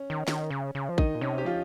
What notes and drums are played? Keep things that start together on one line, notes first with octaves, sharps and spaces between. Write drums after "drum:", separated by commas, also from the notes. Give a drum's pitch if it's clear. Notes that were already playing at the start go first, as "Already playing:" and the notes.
Already playing: C#4
D#3
D#3, drum: snare
C#3
C#3
F3
D#3 D#4 D#5, drum: kick
A#2
C3 C#4 C#5
G4
F3 F4